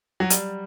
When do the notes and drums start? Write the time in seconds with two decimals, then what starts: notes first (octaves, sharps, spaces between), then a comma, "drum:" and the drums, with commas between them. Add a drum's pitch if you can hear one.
0.20 F#3
0.30 G3, drum: hi-hat